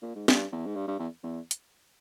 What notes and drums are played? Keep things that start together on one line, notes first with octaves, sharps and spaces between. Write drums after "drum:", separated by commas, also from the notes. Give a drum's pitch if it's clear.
A#2
G#2
G2, drum: snare
E2
G#2
G2
G2
E2
E2
drum: hi-hat